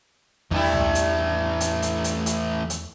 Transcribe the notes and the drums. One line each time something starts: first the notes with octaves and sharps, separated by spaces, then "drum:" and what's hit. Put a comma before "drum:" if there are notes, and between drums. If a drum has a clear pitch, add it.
E2 G2 E3 A3 E4
drum: tom C2
drum: hi-hat
drum: hi-hat
drum: hi-hat
drum: hi-hat
drum: hi-hat
drum: hi-hat